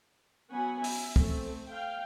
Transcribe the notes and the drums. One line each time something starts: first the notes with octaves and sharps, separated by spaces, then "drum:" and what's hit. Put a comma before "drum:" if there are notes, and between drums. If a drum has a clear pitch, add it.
F#3 B3 C#4 F#5 G#5 B5
E5, drum: open hi-hat
A3 C4, drum: kick
F5 G5